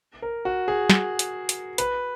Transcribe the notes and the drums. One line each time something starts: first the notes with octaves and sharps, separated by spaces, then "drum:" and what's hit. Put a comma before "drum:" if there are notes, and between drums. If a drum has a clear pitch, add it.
A#4
F#4
G#4
drum: snare
drum: hi-hat
drum: hi-hat
B4, drum: hi-hat